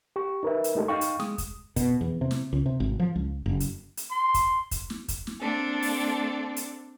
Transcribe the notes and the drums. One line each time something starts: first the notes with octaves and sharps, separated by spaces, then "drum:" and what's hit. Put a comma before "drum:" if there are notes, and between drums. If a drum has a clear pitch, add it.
G4 C#6
D#4 A#4 B4 E5
drum: hi-hat
G#3 A3 D#4 G4 A4
D#4 F5 G5 C#6
drum: hi-hat
G#3 D#6, drum: snare
drum: kick, hi-hat
B2, drum: kick, hi-hat
E2
C3
drum: snare
C#2
C3
G#1
F3
C#2
F#1
drum: hi-hat
drum: hi-hat
C6
drum: kick, hi-hat
drum: kick, hi-hat
drum: snare
drum: kick, hi-hat
drum: snare
A#3 C4 D4 A4
drum: open hi-hat
drum: hi-hat